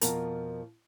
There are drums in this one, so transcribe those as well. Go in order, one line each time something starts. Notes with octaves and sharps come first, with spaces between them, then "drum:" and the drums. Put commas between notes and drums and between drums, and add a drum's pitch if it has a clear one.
F2 B2 F3 F4 A#4 A5, drum: hi-hat